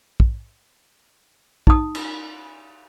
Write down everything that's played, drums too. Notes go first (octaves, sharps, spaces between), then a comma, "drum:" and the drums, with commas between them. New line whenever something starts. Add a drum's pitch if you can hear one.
drum: kick
D#4 D#6, drum: kick
drum: cymbal